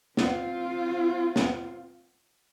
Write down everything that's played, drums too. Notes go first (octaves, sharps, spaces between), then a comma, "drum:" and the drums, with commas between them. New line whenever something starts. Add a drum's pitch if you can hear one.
C4 F4, drum: snare
drum: snare